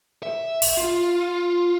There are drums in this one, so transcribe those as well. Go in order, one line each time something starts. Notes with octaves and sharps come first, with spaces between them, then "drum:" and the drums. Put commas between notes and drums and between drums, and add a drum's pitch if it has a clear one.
E5
drum: open hi-hat
F4